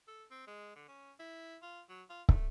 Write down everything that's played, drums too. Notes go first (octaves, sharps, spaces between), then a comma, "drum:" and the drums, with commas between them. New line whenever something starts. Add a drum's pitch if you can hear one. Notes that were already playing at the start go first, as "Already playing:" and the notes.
A4
C4
G#3
D3
C#4
E4
F4
F#3
F4
A3, drum: kick